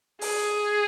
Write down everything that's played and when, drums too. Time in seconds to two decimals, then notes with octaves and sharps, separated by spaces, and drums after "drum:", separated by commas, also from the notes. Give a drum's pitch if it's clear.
0.21 G#4, drum: open hi-hat